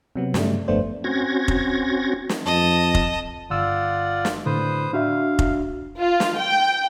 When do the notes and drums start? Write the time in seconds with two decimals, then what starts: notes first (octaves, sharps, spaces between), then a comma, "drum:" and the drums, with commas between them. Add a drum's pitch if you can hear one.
0.16 C3 F#3 B3
0.34 G2 C#3 G3 A3, drum: snare
0.68 G1 F2 A3 B3 D4 C5
1.04 C4 C#4 F#4 G#6 A#6
1.48 drum: kick F1
2.29 drum: snare
2.45 F2 D#5 A5
2.95 drum: kick F1
3.50 G1 F4 D5 F#5 E6
4.25 drum: snare
4.46 A2 D3 B4 C5 D#6
4.93 D4 F#4 E5 F5
5.39 drum: kick F1
5.96 F4
6.20 drum: snare
6.37 G5